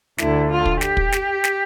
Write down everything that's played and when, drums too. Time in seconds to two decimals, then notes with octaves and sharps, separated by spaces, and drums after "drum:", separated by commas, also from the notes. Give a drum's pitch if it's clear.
0.18 D2 D3 E4, drum: snare
0.50 F4
0.66 drum: kick
0.81 G4, drum: snare
0.97 drum: kick
1.12 drum: snare
1.44 drum: snare